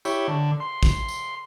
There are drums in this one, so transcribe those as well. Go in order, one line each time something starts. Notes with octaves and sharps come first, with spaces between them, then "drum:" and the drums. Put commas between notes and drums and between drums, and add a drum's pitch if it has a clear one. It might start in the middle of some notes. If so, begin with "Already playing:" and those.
E4 G4 C#5, drum: tambourine
D3
C6
drum: kick, tambourine
drum: tambourine